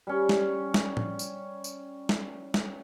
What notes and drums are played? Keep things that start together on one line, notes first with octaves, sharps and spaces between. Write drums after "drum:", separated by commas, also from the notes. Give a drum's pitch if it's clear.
G3 C#4
drum: snare
drum: snare
drum: tom A2
drum: tambourine
drum: tambourine
drum: snare
drum: snare